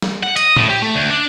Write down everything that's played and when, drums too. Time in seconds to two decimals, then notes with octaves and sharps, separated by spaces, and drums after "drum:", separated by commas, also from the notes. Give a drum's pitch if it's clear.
0.02 drum: snare
0.23 F#5
0.36 D#5, drum: hi-hat
0.56 A2, drum: tom A#2
0.70 G4
0.82 A3
0.94 D2
1.10 D4